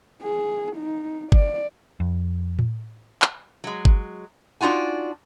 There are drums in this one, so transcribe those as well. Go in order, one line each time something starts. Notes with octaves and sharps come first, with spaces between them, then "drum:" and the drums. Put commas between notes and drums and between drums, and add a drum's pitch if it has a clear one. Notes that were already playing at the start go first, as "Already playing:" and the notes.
G#4
D#4
D5, drum: kick G1
F2
drum: tom A2
drum: clap
F#3 G#3
drum: kick G1
D4 D#4 F4 F#4 G#5